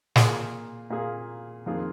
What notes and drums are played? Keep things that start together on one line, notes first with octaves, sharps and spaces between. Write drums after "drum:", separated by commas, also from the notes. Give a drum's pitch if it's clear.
A#2 A#3 F4 G#4, drum: snare
A#2 A#3 F4 G#4
F2 D#3 A#3 F4 G#4